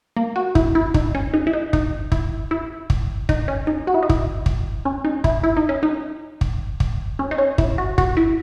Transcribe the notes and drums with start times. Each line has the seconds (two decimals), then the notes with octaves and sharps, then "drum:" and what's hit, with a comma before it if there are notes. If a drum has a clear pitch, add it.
0.17 A#3
0.36 F#4
0.55 E4, drum: kick
0.75 E4
0.94 D#4, drum: kick
1.15 C#4
1.34 D#4
1.47 E4
1.53 D#4
1.73 D#4, drum: kick
2.12 E4, drum: kick
2.51 E4
2.90 drum: kick
3.29 D#4, drum: kick
3.48 C#4
3.67 D#4
3.87 F#4
3.94 E4
4.03 D#4
4.10 E4, drum: kick
4.46 drum: kick
4.85 C#4
5.05 D#4
5.24 E4, drum: kick
5.44 E4
5.57 D#4
5.69 C#4
5.83 D#4
6.41 drum: kick
6.80 drum: kick
7.19 C#4
7.31 D#4
7.38 C#4
7.58 E4, drum: kick
7.78 F#4
7.98 F#4, drum: kick
8.17 E4